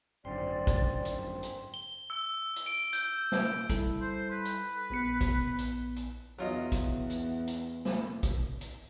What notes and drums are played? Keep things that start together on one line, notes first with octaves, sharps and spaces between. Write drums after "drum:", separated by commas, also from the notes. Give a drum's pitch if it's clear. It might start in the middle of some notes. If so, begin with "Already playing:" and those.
G#1 F#2 D3 C5 D5 G5 C6
drum: kick, hi-hat
drum: hi-hat
drum: hi-hat
G7
E6
drum: hi-hat
D7
G6, drum: hi-hat
drum: snare
G3 E4 A4, drum: kick, hi-hat
C5
B4
drum: hi-hat
A#1 B3 C#7
drum: kick, hi-hat
drum: hi-hat
drum: hi-hat
E2 F#3 F4 D#5
drum: kick, hi-hat
drum: hi-hat
drum: hi-hat
drum: snare
drum: kick, hi-hat
drum: hi-hat